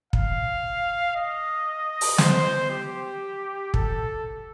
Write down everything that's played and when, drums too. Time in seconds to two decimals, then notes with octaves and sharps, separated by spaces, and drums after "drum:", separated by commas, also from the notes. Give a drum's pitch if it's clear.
0.13 F5, drum: kick
1.16 D#5
2.01 drum: open hi-hat
2.18 C5, drum: snare
2.70 G4
3.74 A4, drum: kick